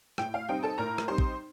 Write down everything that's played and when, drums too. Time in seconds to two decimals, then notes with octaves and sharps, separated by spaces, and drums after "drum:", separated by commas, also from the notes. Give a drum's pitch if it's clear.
0.18 A2 G5, drum: rim click
0.34 F5
0.49 G3 C4 D#4 G5
0.63 A4 A5
0.78 A2 A#4 A#5
0.98 drum: rim click
1.08 G3 C4 D#4 C5 C6
1.18 drum: kick